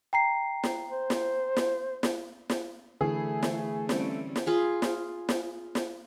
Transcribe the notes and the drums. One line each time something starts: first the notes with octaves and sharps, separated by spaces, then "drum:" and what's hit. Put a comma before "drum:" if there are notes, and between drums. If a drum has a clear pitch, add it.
G5 A#5 C7
drum: snare
C5
drum: snare
drum: snare
drum: snare
drum: snare
D3 E3 A3 E4 G#4
drum: snare
G3 C4 C#4, drum: snare
drum: snare
F4 G#4 B5
drum: snare
drum: snare
drum: snare